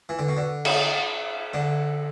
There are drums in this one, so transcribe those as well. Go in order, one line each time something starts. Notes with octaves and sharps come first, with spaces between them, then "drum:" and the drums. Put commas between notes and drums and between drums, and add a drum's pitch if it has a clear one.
E3
D3
B2
D3
drum: cymbal
D3